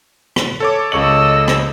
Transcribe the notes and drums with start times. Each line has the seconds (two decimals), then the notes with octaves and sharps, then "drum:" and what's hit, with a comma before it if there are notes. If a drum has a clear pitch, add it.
0.36 drum: rim click
0.60 A4 C#5 D6
0.92 C#2 D#5 C#6 E6 F#7
1.48 drum: rim click